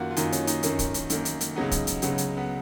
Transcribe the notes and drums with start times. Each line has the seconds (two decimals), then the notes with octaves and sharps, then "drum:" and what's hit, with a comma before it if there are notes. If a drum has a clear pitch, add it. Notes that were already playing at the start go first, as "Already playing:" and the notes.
Already playing: F#2 D#3 A#3 F4 F#4
0.11 F4
0.17 F#2 D#3 A#3 D#4, drum: hi-hat
0.32 C#4, drum: hi-hat
0.47 D#4, drum: hi-hat
0.63 F#2 D#3 A#3 C#4, drum: hi-hat
0.79 drum: kick, hi-hat
0.94 drum: hi-hat
1.10 F#2 D#3 A#3, drum: hi-hat
1.25 drum: hi-hat
1.41 drum: hi-hat
1.56 C#2 C#3 F#3 B3 D#4
1.71 drum: kick, hi-hat
1.87 drum: hi-hat
2.02 C#2 C#3 F#3 B3, drum: hi-hat
2.18 drum: hi-hat
2.37 B3